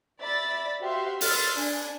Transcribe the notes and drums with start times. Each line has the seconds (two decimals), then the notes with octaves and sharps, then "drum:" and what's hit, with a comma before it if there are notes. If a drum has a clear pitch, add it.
0.21 D5 E5 B5 A6
0.81 F#4 G4 C5 E5 F5 C6
1.21 C6 E6 F6 A6, drum: open hi-hat
1.54 D4 G#5